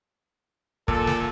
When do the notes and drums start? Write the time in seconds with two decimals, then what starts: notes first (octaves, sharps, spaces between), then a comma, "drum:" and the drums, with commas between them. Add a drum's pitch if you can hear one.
0.88 A#2 A4, drum: kick
1.07 drum: snare